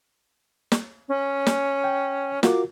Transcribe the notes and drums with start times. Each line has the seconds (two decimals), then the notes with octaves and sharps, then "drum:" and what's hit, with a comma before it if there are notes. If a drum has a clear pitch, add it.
0.72 drum: snare
1.08 C#4
1.46 drum: snare
1.84 G5
2.43 F4 F#4 A#4 D6, drum: snare